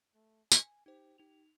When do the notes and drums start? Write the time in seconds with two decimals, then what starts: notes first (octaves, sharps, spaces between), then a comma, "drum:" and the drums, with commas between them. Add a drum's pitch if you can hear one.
0.15 A3
0.52 G#5, drum: tambourine
0.86 D#4 G4 C5
1.18 D#4 G4 F7